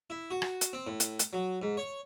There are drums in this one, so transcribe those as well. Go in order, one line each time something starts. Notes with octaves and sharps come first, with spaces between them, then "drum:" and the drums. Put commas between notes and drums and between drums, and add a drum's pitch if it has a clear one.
E4
F#4
drum: rim click
drum: hi-hat
C4
A2
drum: hi-hat
drum: hi-hat
F#3
G#2
C#5